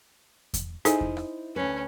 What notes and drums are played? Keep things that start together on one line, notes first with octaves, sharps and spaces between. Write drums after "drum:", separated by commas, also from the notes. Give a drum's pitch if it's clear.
drum: kick E2, hi-hat
D#4 E4 G#4 A4 C5 D#5 G#5, drum: hi-hat
drum: kick E2
drum: rim click
D2 C#4 B4